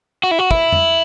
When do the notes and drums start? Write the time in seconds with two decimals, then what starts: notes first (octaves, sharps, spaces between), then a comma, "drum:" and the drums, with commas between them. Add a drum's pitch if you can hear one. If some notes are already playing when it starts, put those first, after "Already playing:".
0.23 F#4
0.31 E4
0.39 F#4
0.51 E4, drum: kick
0.72 drum: tom F2